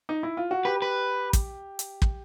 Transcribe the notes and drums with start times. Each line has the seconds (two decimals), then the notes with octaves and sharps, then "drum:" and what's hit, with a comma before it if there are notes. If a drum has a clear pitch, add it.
0.09 D#4
0.23 E4
0.37 F4
0.51 F#4
0.65 G4 B4
0.82 B4
1.33 drum: kick, hi-hat
1.79 drum: hi-hat
2.02 drum: kick